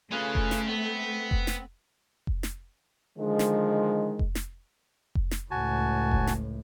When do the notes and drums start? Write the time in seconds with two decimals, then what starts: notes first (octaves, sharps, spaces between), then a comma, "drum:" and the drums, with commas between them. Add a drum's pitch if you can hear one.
0.12 C#3 A3 C#4 F4 G#4 B4
0.35 drum: kick F1
0.51 drum: snare
0.67 B3 C4
1.31 drum: kick F1
1.47 drum: snare
2.27 drum: kick F1
2.43 drum: snare
3.18 D3 D#3 F3 G#3
3.39 drum: snare
4.19 drum: kick F1
4.35 drum: snare
5.15 drum: kick F1
5.31 drum: snare
5.51 C#2 A2 F#4 G#5 A5
6.11 drum: kick F1
6.27 drum: snare